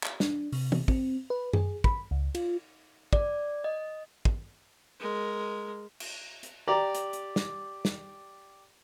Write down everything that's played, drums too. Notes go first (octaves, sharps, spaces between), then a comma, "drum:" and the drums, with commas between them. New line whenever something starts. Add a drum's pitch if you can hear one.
drum: clap
D4, drum: snare
C3, drum: open hi-hat
drum: tom
C4, drum: kick
B4
G#4, drum: tom F#2
B5, drum: kick
C#2
F4, drum: cymbal
D5, drum: kick
D#5
drum: kick
G#3 A#4
drum: cymbal
drum: hi-hat
G4 D5 A#5
drum: hi-hat
drum: hi-hat
drum: snare
drum: snare